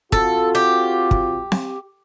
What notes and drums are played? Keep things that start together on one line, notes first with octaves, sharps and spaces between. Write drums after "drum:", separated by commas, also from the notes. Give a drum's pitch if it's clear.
C4 F4 F#4 A4, drum: kick
G4
drum: kick
drum: snare C4